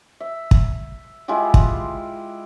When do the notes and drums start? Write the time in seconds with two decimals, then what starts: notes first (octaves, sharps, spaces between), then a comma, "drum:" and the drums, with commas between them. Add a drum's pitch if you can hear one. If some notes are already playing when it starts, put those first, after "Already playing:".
0.20 E5
0.51 drum: kick
1.28 G#3 E4 F4 G4
1.54 drum: kick